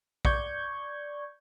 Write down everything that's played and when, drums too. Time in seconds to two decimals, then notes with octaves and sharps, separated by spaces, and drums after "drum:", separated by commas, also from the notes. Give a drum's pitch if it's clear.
0.25 D5 C#6 G6 G#6, drum: kick